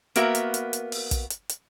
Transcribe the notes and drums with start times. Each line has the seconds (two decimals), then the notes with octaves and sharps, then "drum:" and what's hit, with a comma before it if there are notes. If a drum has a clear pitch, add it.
0.16 A#3 B3 F#4 A#4 E5, drum: hi-hat
0.35 drum: hi-hat
0.54 drum: hi-hat
0.73 drum: hi-hat
0.92 drum: open hi-hat
1.11 drum: kick, hi-hat
1.30 drum: hi-hat
1.49 drum: hi-hat